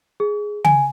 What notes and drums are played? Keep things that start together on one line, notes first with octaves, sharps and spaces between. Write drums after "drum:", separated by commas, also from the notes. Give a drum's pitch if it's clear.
G#4
G#5, drum: tom C#3